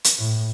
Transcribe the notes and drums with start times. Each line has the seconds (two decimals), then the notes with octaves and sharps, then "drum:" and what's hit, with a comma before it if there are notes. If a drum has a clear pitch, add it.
0.04 drum: hi-hat
0.19 A2